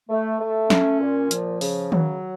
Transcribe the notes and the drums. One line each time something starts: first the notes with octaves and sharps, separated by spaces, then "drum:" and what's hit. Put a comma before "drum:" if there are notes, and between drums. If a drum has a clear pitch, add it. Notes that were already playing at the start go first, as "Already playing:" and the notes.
A3
A3
C#4, drum: snare
A#2
F3, drum: hi-hat
C#3, drum: open hi-hat
F#3, drum: tom D#3